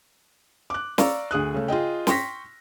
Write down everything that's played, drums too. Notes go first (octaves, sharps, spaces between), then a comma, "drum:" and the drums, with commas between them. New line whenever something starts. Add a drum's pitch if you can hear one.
D6 F#6
D5 F5 A#5 C#6 E6, drum: snare
D2 G#4 D#6 F#6
C#3 A3
F4 G#4 D#5 G5
G5 C6 C#6 A#6 B6, drum: snare